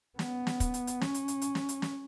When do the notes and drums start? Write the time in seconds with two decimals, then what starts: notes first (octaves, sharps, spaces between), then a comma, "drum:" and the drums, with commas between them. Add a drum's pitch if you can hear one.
0.19 B3, drum: snare
0.47 drum: snare
0.60 drum: kick, hi-hat
0.74 drum: hi-hat
0.87 drum: hi-hat
1.01 C#4, drum: snare
1.14 drum: hi-hat
1.28 drum: hi-hat
1.42 drum: hi-hat
1.55 drum: snare
1.69 drum: hi-hat
1.82 drum: snare